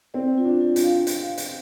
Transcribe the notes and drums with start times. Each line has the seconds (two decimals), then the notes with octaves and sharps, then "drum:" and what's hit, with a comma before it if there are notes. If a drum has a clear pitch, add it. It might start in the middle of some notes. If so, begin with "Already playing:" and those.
0.14 C4 D5
0.38 F4
0.45 D4
0.61 F4
0.76 D4, drum: hi-hat
0.84 F5
1.07 drum: hi-hat
1.38 drum: hi-hat